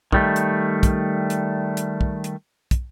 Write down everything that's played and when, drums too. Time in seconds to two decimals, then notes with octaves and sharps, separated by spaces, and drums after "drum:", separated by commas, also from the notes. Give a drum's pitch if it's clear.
0.12 D#3 G3 A3, drum: kick
0.36 drum: hi-hat
0.83 drum: kick, hi-hat
1.30 drum: hi-hat
1.77 drum: hi-hat
2.01 drum: kick
2.24 drum: hi-hat
2.71 drum: kick, hi-hat